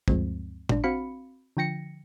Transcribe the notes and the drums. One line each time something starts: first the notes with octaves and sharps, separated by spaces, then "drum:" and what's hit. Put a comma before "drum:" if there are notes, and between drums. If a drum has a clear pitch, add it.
D2 G2 F3 G#3 C4, drum: kick
A1 D4, drum: tom
C4 F#4 F5 B5 C#7
D3 F3 G5 A#6 C#7